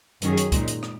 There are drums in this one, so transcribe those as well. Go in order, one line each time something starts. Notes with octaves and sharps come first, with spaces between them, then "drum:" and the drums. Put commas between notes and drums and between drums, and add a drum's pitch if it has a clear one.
F#2 D#3 F#3 C#4 G#4, drum: hi-hat
drum: hi-hat
A#2 G#3 D#4, drum: kick, hi-hat
drum: hi-hat
drum: rim click